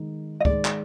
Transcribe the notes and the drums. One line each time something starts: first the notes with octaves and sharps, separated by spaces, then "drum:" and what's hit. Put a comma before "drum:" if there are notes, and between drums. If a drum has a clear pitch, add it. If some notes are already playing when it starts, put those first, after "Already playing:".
Already playing: D#3 G#3 D#4
D#5
D#3 G#3 D#4 D5, drum: kick
drum: clap